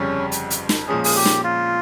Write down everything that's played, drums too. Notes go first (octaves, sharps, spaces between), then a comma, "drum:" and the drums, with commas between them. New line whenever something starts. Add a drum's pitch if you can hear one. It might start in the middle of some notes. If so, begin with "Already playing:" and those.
Already playing: G1 F2 C#3 G3 C#4
drum: hi-hat
drum: hi-hat
drum: snare
A#2 F3 G#3 C#4 G#4
G#4, drum: open hi-hat
G4
drum: snare
F4